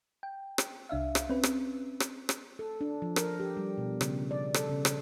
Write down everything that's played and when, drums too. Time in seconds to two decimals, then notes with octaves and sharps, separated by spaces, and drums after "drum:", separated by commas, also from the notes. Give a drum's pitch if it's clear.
0.23 G5
0.58 drum: rim click
0.89 C2 D4 E5 F5
1.15 drum: rim click
1.29 C4 C#4 B4
1.43 drum: rim click
2.00 drum: rim click
2.29 drum: rim click
2.59 A4
2.81 D4
3.02 F3
3.16 A#4, drum: rim click
3.40 G4
3.57 G3
3.78 B2
4.01 C#3, drum: rim click
4.31 D5
4.54 A4, drum: rim click
4.69 C#3
4.85 drum: rim click